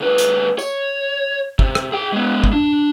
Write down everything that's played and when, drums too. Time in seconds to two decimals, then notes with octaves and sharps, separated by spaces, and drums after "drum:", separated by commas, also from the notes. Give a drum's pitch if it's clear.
0.01 D2 B4
0.18 drum: hi-hat
0.58 C#5, drum: tambourine
1.59 C3, drum: kick
1.75 drum: rim click
1.92 G#4 G5
2.12 G#3 B3
2.44 drum: kick
2.53 D4